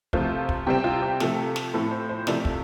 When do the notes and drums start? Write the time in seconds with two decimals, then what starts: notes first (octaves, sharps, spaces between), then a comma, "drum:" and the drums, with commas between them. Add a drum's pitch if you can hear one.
0.13 C3 F3 A3 F4 C5, drum: kick
0.49 drum: kick
0.67 C3 G3 C4 G4
0.84 F4
1.02 G4
1.20 C3 F3 A3 A4, drum: snare
1.56 drum: snare
1.74 A2 F3 C4 A4
1.91 C5
2.09 C5
2.27 C3 F3 A3 D5, drum: snare
2.45 drum: kick